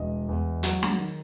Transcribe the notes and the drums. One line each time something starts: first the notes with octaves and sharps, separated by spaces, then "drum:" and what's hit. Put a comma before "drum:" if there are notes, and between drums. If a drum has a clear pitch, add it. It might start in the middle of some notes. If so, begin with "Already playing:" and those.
Already playing: E1 D#5
E2
F#3, drum: hi-hat
drum: snare
D#3